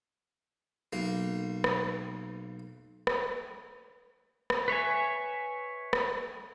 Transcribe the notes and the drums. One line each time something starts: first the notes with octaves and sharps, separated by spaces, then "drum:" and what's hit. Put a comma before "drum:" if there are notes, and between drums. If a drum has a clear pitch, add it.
B1 A#3
drum: rim click
drum: rim click
drum: rim click
B4 C#5 E5 G#5
drum: rim click